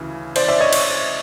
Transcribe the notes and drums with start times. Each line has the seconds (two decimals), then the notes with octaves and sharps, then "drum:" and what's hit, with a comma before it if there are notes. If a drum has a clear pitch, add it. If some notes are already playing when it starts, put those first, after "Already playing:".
Already playing: D2 C#3 E3
0.36 C5 D5, drum: cymbal
0.48 D5 E5
0.60 C#5 D#5
0.73 C#5, drum: cymbal